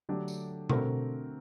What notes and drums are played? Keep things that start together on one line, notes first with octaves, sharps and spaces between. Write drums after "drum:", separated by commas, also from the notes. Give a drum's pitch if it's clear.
D3 F#3 A3 D4 G4
drum: tambourine
D3 A3 C4 F#4 A#4, drum: tom B2